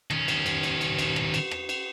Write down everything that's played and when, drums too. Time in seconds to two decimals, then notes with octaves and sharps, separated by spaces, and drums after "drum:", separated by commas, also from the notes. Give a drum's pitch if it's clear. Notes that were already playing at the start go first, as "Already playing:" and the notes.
0.11 D#3 C#4, drum: rim click
0.28 drum: cymbal
0.46 drum: cymbal
0.63 drum: cymbal
0.81 drum: cymbal
0.99 drum: cymbal
1.16 drum: rim click
1.34 drum: cymbal
1.51 drum: rim click
1.69 drum: cymbal